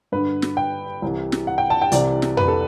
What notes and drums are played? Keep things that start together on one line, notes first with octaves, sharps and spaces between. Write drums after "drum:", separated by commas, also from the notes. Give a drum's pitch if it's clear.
G2 D3 B4
drum: snare
G5
C2 C3 E3
drum: snare
F#5
G5
A5
G5
C2 C3 E3 D5, drum: hi-hat
drum: snare
B4, drum: tom F2
A4